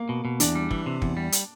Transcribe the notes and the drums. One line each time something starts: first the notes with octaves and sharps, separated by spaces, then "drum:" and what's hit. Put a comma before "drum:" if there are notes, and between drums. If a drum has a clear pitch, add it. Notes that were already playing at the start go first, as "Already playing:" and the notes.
Already playing: A#3
B2
B2
E2 D4, drum: hi-hat
G3
E3, drum: kick
C3
E2, drum: kick
G3
drum: hi-hat